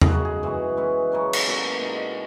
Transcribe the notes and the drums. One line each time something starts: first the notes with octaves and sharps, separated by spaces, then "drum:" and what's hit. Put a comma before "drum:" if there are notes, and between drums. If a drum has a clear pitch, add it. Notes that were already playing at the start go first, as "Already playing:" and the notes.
G#4, drum: tom E2
C#3 G#3 D#4 F#4
G#4
E3 G#3 B3 F#4
E3 G#3 C#4 E4
C#3 F#3 C#4
drum: cymbal
B2 F#3 A#3 E4
B2 G#3 D#4